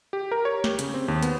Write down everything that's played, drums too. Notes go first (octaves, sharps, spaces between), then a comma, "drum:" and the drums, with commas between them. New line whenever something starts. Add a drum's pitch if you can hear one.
G4
A#4
C#5
G4, drum: snare
C#3, drum: hi-hat
C4
D#2
B3, drum: hi-hat